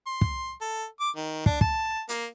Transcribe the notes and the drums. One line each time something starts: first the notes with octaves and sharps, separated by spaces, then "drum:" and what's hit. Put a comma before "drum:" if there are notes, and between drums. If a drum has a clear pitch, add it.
C6
drum: kick
A4
D6
D#3
D4, drum: kick
A5, drum: kick
A#3, drum: hi-hat